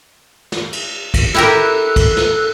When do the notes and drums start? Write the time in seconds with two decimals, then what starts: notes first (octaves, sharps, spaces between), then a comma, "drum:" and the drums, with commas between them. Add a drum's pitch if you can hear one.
0.52 drum: snare
0.73 drum: cymbal
1.14 drum: kick B1, cymbal
1.34 E4 G4 A4 A#4 F#6, drum: snare
1.96 drum: kick B1, cymbal
2.17 drum: snare